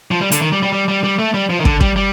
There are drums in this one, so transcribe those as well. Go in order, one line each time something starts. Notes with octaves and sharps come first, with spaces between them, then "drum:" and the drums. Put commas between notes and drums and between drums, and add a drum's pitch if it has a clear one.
F3
G3
D3, drum: hi-hat
D#3
G3
G3
G3
G3
G3
A3
G3
F3
D#3
D3, drum: kick
G3, drum: kick
G3